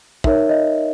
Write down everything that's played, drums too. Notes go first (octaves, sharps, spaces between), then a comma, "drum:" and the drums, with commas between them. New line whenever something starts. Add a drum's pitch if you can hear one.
D#4 A#4 C#5 E5, drum: kick
D#5